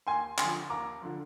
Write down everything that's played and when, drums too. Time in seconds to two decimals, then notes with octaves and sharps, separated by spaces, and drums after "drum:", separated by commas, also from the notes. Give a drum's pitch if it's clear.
0.07 D#2 G#5 C6
0.38 D3 G#5 C6, drum: clap
0.44 F3
0.70 D#2 A#5 D6
1.02 D3 F3